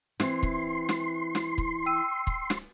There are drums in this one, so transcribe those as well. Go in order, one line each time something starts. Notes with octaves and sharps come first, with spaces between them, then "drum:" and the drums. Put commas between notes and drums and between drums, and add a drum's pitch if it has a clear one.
E3 C4 C6, drum: snare
drum: kick
drum: snare
drum: snare
drum: kick
G5 E6 D#7
drum: kick
drum: snare